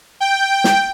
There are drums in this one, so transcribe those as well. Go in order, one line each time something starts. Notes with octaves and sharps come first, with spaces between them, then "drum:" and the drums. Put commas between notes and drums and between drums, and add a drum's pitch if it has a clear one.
G5
drum: snare